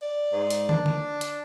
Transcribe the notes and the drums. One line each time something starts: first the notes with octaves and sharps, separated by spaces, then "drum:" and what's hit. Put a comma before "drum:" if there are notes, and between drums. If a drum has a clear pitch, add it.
D5
G#2
drum: hi-hat
D4, drum: tom
drum: tom D3
drum: hi-hat